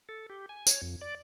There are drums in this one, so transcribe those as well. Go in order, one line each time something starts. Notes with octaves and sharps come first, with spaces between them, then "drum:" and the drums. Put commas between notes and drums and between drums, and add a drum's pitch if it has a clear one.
A4
G4
G#5
C#5, drum: tambourine
F2
D5